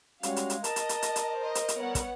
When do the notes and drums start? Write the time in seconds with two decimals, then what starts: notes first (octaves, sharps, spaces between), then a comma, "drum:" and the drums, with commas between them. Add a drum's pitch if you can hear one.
0.23 G3 G#3 C#4 F#4 F5, drum: hi-hat
0.36 drum: hi-hat
0.50 drum: hi-hat
0.64 A#4 D#5 A5 A#5, drum: hi-hat
0.76 drum: hi-hat
0.89 drum: hi-hat
1.02 drum: hi-hat
1.16 drum: hi-hat
1.39 C5 D#5
1.55 drum: hi-hat
1.68 drum: hi-hat
1.79 G3 B3 C#5 F#5
1.95 drum: kick, hi-hat